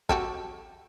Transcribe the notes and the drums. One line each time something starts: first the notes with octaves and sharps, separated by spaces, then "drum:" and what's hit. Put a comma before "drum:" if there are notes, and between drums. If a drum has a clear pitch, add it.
F#4 G4 A4, drum: kick